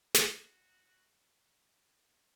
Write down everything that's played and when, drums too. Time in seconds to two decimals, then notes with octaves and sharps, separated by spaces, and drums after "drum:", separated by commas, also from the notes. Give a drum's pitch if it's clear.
0.14 F#4, drum: snare